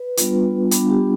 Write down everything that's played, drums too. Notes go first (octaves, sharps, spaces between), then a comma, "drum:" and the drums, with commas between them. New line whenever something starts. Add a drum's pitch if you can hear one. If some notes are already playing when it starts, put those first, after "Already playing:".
Already playing: B4
G3 B3 D4 F4, drum: hi-hat
G3 B3 D4 F4, drum: hi-hat
G4